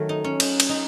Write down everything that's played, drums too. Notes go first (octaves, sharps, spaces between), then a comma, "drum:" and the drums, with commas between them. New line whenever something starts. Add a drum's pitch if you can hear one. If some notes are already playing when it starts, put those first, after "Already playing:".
Already playing: D#3 F#3 A3
D#4
C#4
D#4, drum: cymbal
drum: cymbal
D#4